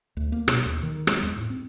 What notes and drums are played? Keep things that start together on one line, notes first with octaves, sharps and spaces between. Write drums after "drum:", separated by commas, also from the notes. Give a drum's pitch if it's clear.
D2
A#3
B2, drum: rim click
D#2
D#3
G#3, drum: rim click
E2
A2
C4